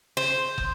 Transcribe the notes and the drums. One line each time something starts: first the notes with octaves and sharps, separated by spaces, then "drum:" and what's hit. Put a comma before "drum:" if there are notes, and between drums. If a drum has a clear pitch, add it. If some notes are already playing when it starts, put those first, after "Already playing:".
C5
drum: kick